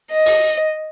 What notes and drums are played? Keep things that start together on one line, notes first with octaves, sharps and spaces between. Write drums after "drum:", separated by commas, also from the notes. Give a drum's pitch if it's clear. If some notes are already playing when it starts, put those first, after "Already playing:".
D#5
drum: open hi-hat